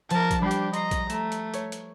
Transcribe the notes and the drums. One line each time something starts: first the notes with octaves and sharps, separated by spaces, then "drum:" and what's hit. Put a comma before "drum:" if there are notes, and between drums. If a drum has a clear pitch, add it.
F3 A#4 A5, drum: hi-hat
drum: kick A#1, hi-hat
G3 D4 G4 B5 C7
drum: hi-hat
D#5 A#5 C6 C7, drum: hi-hat
drum: kick A#1, hi-hat
A3 A#5 E7, drum: hi-hat
drum: hi-hat
C#5, drum: hi-hat
drum: hi-hat